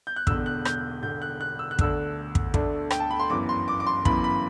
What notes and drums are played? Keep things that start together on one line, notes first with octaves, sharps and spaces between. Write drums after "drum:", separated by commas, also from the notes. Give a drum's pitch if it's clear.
G6
F#6
E1 E2 D3 E6, drum: kick
F#6
G6, drum: rim click
E1 E2 D3 G6
F#6
F#6
E6
F#6
D2 D3 A3 D4 E6, drum: kick
drum: kick
D2 D3 A3 D4, drum: kick
G5, drum: rim click
A5
B5
C6
G1 F#2 E3 D6
C6
D6
D6
C6
G1 F#2 E3 B5, drum: kick
B5